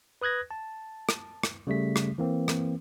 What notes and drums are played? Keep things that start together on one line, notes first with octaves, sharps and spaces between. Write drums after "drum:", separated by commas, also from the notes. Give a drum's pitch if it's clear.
B4 D#6 F#6 G#6 A#6
A5
drum: rim click
drum: rim click
C#3 G3 A3 B6
drum: rim click
E3 A#3 C4
drum: rim click